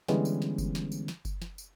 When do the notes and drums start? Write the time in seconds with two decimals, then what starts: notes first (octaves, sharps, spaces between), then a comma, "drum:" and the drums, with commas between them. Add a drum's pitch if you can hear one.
0.08 D3 E3 G3 G#3 B3 C#4, drum: snare
0.25 drum: tambourine
0.42 drum: snare
0.58 drum: kick F#1, tambourine
0.75 drum: snare
0.92 drum: tambourine
1.08 drum: snare
1.25 drum: kick F#1, tambourine
1.42 drum: snare
1.58 drum: tambourine